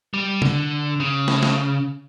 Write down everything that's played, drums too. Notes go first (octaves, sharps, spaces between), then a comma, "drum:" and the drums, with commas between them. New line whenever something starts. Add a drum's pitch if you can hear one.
G3
D3, drum: tom
C#3
drum: snare
drum: snare